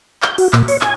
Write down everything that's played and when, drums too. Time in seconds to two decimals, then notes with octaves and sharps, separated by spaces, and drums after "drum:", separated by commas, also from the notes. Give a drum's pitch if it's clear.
0.22 G6, drum: clap
0.38 F#4, drum: open hi-hat
0.53 A#2, drum: clap
0.68 C#5, drum: open hi-hat
0.81 G#5, drum: clap